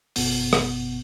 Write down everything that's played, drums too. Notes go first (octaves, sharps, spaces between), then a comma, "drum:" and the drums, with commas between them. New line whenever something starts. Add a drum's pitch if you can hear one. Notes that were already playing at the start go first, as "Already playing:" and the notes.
G1 F#2 B2 B3 F#5, drum: open hi-hat
drum: rim click